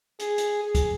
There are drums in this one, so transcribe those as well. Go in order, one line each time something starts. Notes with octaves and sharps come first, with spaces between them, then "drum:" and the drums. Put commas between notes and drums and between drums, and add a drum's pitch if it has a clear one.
G#4, drum: hi-hat
drum: hi-hat
G#4
drum: kick, hi-hat